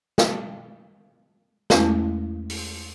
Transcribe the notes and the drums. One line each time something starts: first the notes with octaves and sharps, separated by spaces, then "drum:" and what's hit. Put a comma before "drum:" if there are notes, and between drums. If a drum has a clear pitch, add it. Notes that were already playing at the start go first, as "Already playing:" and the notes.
drum: snare
E2 G#3 A3 C#4 E4, drum: snare
drum: open hi-hat